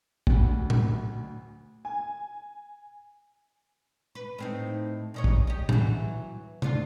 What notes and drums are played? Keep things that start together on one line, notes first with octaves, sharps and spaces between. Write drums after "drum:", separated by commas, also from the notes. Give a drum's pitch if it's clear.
D2, drum: kick
drum: tom
G#5
B4
A2 C4 D#4
A#2 D#4 C#5
drum: kick
G4 D#5
E3 F#3, drum: tom
D2 D4 F4, drum: tom